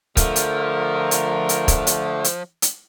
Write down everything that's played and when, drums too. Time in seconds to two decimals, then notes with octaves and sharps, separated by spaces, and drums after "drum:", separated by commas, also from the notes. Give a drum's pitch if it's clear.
0.17 D3 F3 A3 F4 A4 A#4, drum: kick, hi-hat
0.36 drum: hi-hat
1.11 drum: hi-hat
1.49 drum: hi-hat
1.68 drum: kick, hi-hat
1.87 drum: hi-hat
2.24 drum: hi-hat
2.62 drum: hi-hat